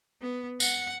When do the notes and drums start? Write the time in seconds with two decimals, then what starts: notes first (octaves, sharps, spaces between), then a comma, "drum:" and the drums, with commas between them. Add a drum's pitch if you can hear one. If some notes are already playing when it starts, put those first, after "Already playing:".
0.21 B3
0.60 F#5, drum: tambourine